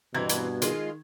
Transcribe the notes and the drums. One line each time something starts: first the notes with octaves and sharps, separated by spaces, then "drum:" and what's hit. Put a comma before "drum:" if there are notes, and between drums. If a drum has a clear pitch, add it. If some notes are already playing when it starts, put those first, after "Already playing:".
G2 B2 E3 C4 A#5 G#6
drum: hi-hat
D#3 G#3 F4, drum: hi-hat